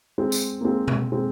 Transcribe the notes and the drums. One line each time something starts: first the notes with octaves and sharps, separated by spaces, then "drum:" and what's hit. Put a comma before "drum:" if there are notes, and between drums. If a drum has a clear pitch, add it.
G#3 C4
drum: tambourine
A#3
G#3 C4
drum: tom B2
G#3 C4